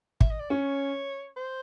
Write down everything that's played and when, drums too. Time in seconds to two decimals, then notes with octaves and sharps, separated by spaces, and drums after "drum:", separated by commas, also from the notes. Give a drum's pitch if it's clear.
0.21 E5, drum: kick
0.31 D#5
0.40 D5
0.50 C#4 C#5
1.37 C5